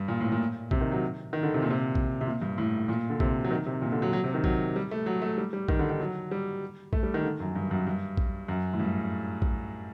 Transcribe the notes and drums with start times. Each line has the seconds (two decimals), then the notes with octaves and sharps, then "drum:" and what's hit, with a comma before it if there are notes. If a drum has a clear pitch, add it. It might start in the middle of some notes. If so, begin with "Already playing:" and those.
Already playing: G2
0.08 A#2
0.21 A2
0.32 A#2
0.71 C3, drum: kick A#1
0.81 D#3
0.92 F#3
1.33 D#3
1.43 D3
1.54 C3
1.62 A#2
1.70 C3
1.95 drum: kick A#1
2.21 C3
2.27 A#2
2.42 G2
2.58 A2
2.88 A#2
3.10 D3
3.20 C3, drum: kick A#1
3.44 F#3
3.51 D#3
3.66 C3
3.82 A#2
3.92 D3
4.02 F#3
4.13 F#3
4.24 C3
4.34 D#3
4.44 F#3, drum: kick A#1
4.76 G3
4.91 A3
5.06 F#3
5.22 A3
5.38 G3
5.53 G3
5.69 D#3, drum: kick A#1
5.79 D3
5.90 D#3
6.00 F#3
6.31 G3
6.93 A3, drum: kick A#1
7.03 G3
7.14 D#3
7.24 D3
7.40 F#2
7.56 G2
7.71 F#2
7.87 G2
8.17 drum: kick A#1
8.48 F#2
8.73 A2
8.80 G2
9.42 drum: kick A#1